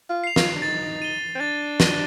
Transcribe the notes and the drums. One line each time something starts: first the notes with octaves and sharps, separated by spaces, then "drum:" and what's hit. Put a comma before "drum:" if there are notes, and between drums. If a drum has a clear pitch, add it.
F4
C7 F7
F4, drum: snare
D4
D#4 A6
D#7 G7
C4
D4 A6
D#7 G7, drum: snare